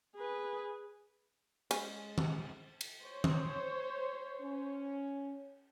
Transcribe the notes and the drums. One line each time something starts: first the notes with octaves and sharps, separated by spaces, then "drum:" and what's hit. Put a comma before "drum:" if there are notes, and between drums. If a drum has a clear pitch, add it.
G#4 B4
G#3 C#4, drum: cymbal
drum: tom D#3
drum: cymbal
C5 C#5
drum: tom D#3
C#4